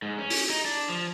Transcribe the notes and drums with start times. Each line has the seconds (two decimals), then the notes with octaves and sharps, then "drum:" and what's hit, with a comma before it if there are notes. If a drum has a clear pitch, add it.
0.02 G#2
0.18 C#4
0.30 drum: open hi-hat
0.49 D#4
0.65 D4
0.89 F3